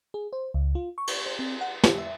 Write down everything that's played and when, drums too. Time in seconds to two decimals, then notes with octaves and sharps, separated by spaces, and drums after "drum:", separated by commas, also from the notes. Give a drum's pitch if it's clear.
0.14 G#4
0.33 C5
0.54 C#2
0.75 F4
0.98 C#6
1.07 drum: cymbal
1.26 C5
1.39 C4
1.61 F#5
1.84 G4, drum: snare
1.98 E5